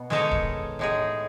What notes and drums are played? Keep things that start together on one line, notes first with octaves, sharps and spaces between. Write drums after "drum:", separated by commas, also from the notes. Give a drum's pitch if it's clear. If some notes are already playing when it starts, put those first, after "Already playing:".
Already playing: B2 B3
D#3 G#3 D#4 A4 C#5, drum: snare
drum: kick D1
A2 G#3 D#4 G#4